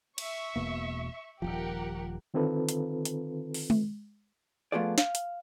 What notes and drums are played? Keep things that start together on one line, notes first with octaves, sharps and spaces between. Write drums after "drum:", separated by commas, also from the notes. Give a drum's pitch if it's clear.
E5 C#6, drum: cymbal
E1 B2 A#3
D#1 C#2 F3 G4 A#4 F#5
D3 D#3 C4 F4 A4 B4
drum: hi-hat
drum: hi-hat
drum: open hi-hat
drum: tom G#3
F3 A3 B3 F4 G#4 D5
F5, drum: snare
drum: hi-hat